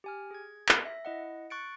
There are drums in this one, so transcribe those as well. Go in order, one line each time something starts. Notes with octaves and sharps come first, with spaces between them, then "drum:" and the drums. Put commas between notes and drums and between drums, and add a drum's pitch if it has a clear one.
G4 G#5 F6
G#4 G#6
drum: clap
E5 A#6
E4 D#5 F#5
C#6 F#6 A6 C#7 D7